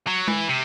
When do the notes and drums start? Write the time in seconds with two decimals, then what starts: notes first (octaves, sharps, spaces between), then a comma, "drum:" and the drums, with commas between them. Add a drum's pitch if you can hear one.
0.07 F#3
0.28 E3, drum: tom G#3
0.49 C3